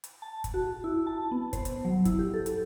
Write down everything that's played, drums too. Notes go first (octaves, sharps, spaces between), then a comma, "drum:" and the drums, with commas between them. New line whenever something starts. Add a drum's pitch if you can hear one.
drum: hi-hat
A5
drum: kick F#1, hi-hat
F#4
E4
A5
B3
C5, drum: kick F#1, hi-hat
drum: hi-hat
F#3
E4, drum: kick F#1, hi-hat
G4
A4
drum: hi-hat